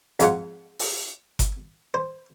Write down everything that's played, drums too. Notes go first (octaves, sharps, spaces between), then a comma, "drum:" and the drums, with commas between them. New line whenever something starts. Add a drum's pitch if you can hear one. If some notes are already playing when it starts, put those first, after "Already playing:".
F2 G#2 F4 F#5, drum: hi-hat
drum: open hi-hat
drum: kick G1, hi-hat
C5